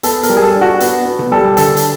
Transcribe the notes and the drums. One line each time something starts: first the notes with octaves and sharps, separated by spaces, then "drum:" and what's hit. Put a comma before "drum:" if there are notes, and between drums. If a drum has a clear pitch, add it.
B3 A4, drum: hi-hat
A#4, drum: hi-hat
G3
G#4
A4
D4
F#4
B3, drum: hi-hat
B3
drum: tom B2
G3 A4
D3 A4, drum: hi-hat
drum: hi-hat